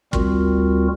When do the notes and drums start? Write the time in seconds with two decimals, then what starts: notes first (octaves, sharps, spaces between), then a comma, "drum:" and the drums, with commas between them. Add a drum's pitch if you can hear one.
0.13 D2 G3 C4 F4 F#4 A#4, drum: kick